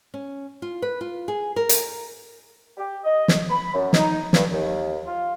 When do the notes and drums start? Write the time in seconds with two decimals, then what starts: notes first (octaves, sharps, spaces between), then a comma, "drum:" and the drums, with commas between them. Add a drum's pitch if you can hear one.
0.14 C#4
0.62 F4
0.82 B4
1.01 F4
1.28 G#4
1.56 A#4
1.69 drum: hi-hat
2.78 G4
3.04 D#5
3.28 drum: snare
3.50 B5
3.73 F#2
3.93 D#4, drum: snare
4.33 G2, drum: snare
4.50 D#2
5.06 F4